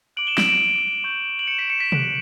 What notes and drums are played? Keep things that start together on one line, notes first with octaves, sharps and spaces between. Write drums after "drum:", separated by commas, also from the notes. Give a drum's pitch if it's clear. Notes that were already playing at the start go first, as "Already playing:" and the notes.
D6 F#6 D7 F#7
E7 G7
D7 F#7, drum: snare
D7 F#7
C#6 G6
F#7
C#7 E7
B6 D7
C#7 E7
B6
D6 F#6 B6 D7, drum: tom B2